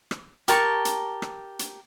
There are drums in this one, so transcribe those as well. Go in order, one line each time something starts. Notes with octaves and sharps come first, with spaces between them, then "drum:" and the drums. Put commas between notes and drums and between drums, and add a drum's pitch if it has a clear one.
drum: rim click
G4 A#4 A5 C#6, drum: hi-hat
drum: hi-hat
drum: rim click
drum: hi-hat